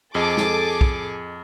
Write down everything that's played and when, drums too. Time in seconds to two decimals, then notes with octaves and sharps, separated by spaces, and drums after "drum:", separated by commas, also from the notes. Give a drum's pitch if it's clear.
0.15 F2 G#4 A4 D#5 D6
0.37 drum: snare
0.81 drum: kick